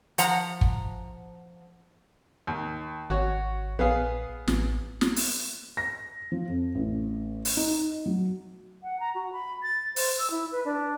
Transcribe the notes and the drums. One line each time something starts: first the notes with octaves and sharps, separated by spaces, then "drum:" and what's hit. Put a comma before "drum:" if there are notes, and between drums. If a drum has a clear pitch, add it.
F3 F#5 A#5, drum: hi-hat
drum: kick
D#2
G#1 F#4 C#5
A#1 B3 G#4 F5
A1, drum: snare
drum: snare
drum: open hi-hat
A#6
F3
F2
A1
drum: open hi-hat
D#4
F#3
F#5
A#5
F#4
B5
A6
C5, drum: open hi-hat
E6
E4
B4
D4